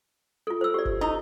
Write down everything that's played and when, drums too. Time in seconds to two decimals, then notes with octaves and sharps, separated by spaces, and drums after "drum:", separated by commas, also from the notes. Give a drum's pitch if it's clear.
0.47 F4 A4
0.61 C5 E6
0.74 G4 D5
0.85 drum: kick F#1
1.01 D#4 E4